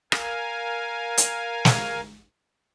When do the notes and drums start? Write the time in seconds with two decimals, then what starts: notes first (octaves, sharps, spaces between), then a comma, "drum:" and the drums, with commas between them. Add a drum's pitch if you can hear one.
0.12 A#4 F5 G#5, drum: rim click
1.17 drum: hi-hat
1.65 drum: snare